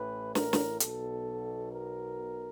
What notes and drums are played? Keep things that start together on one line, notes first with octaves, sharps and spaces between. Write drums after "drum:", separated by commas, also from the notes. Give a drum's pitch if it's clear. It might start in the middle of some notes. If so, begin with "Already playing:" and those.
Already playing: A1 A2 E3 B4
A#4, drum: snare
drum: snare
B1 B2 A4, drum: hi-hat
A#4